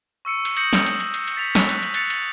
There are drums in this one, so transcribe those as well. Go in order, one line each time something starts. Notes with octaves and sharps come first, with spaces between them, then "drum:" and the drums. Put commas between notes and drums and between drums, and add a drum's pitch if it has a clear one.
C#6 E6 C#7 D#7
drum: cymbal
D#6 G6 A#6 C#7 F#7, drum: cymbal
drum: snare
drum: cymbal
drum: cymbal
drum: cymbal
drum: cymbal
A6 B6 C#7 F7
drum: snare
F#6 B6, drum: cymbal
drum: cymbal
F#6 A6 C#7 F7, drum: cymbal
drum: cymbal